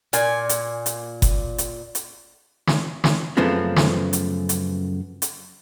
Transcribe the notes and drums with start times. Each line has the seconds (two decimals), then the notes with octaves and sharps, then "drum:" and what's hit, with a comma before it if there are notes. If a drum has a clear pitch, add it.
0.13 A#2 G#5, drum: hi-hat
0.49 drum: hi-hat
0.86 drum: hi-hat
1.22 drum: kick F#1, hi-hat
1.58 drum: hi-hat
1.95 drum: hi-hat
2.67 drum: snare
3.04 drum: snare
3.37 F#2 C#3 F3 A3 B3 C4
3.76 drum: snare
4.13 drum: hi-hat
4.49 drum: hi-hat
5.22 drum: hi-hat